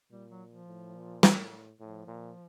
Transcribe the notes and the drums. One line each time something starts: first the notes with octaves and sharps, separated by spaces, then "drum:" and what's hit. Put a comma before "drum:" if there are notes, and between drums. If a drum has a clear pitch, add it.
A#2 G3
F#3
F3
A2
A#2
A2, drum: snare
A2 F3
A#2